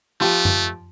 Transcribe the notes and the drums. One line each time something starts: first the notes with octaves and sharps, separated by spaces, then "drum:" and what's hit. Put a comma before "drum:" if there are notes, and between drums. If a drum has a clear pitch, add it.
F3 A3 F4 G4
drum: tom F#2